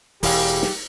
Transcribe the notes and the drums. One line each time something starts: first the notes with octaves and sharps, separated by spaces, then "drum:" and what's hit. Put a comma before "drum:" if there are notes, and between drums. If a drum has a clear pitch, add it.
E1 E3 G4 G#4 F5, drum: open hi-hat
drum: snare